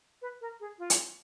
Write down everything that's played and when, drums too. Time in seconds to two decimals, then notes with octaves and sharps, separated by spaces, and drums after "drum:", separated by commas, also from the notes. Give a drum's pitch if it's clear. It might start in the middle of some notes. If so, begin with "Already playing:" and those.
0.21 B4
0.41 A#4
0.60 G#4
0.78 F4
0.90 drum: hi-hat